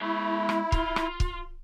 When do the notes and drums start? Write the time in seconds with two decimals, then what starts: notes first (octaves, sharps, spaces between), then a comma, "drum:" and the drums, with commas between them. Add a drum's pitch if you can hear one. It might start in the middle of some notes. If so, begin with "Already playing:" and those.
0.01 G#3 E4 E5
0.49 drum: rim click
0.72 F4, drum: kick
0.96 drum: rim click
1.20 drum: kick